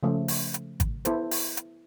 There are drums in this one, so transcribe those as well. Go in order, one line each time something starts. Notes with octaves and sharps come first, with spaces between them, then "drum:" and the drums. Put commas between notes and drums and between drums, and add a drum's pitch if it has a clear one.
C#3 F3 A3
drum: open hi-hat
drum: hi-hat
drum: kick G#1, hi-hat
B3 E4 A4 C5, drum: hi-hat
drum: open hi-hat
drum: hi-hat